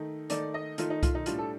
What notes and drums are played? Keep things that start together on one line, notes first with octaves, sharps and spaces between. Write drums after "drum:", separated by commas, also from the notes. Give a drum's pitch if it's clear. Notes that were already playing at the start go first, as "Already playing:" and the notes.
Already playing: D#3 A3 D#4
D#3 A3 D#4 D5, drum: hi-hat
D#5
D#3 A3 D#4 F4, drum: hi-hat
D#4
F4, drum: kick C2, hi-hat
D#4
A2 G3 D4 F4, drum: hi-hat
A4